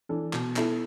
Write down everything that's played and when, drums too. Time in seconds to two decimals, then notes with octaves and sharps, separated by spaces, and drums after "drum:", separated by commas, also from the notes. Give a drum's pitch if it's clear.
0.09 E3 D4 A4
0.33 B2, drum: clap
0.56 B3 E4 A4, drum: clap